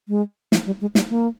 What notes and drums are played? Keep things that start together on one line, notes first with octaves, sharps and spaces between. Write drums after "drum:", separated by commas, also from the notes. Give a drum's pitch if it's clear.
G#3
F3, drum: snare
G3
G#3
G3, drum: snare
A#3